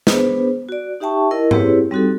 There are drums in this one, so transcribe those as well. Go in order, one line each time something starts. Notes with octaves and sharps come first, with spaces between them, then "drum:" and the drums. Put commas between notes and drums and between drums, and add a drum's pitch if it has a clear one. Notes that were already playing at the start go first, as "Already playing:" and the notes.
B3 D4 G#4 B4 C5, drum: snare
F#4 D5
D#4 G4 E5 G5 A5 C#6
E4 A#4 D#5
C4 E4 G4 G#4 B4 C#5, drum: tom G#2
G3 C4 D#4 F#4 G4 A4